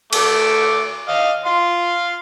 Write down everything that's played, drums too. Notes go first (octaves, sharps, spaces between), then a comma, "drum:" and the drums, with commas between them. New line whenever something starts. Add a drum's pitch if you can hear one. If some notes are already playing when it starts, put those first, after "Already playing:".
A3 D6, drum: cymbal
D#5 F5
F5 C6